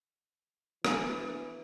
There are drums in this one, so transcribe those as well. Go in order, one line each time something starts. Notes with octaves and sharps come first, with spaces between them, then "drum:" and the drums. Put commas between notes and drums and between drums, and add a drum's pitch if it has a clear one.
E3 B3 D4 G#5, drum: rim click